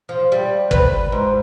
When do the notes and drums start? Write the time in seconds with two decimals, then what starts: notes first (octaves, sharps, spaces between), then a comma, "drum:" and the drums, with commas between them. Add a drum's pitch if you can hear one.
0.09 F3
0.32 G3
0.71 B4, drum: kick
1.12 G#2